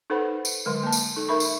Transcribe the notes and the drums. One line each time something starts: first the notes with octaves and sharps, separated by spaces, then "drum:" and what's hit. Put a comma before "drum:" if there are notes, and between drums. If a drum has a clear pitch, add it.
D#4 A4 B4 C5 F#5 B5
drum: tambourine
D3 F#3 G#3 A#4
A#3 A5
drum: tambourine
D#4 A4
D#4 A#4 E5 B5 C#6
drum: tambourine